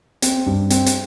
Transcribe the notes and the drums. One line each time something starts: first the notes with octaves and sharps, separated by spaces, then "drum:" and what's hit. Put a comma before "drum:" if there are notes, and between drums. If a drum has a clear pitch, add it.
C4, drum: hi-hat
G2
C4, drum: hi-hat
drum: hi-hat